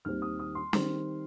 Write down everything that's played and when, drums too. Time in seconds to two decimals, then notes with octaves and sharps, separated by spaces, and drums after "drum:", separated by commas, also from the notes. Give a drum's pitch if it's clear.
0.05 D#2 D#3 G3 C4 F6
0.22 D#6
0.39 D#6
0.55 C6
0.73 D#3 G3 C4, drum: snare